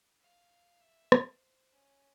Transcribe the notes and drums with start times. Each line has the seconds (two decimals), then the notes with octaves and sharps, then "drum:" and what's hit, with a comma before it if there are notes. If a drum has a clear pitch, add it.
0.20 F5
0.81 E5
1.12 C5, drum: rim click
1.73 C#4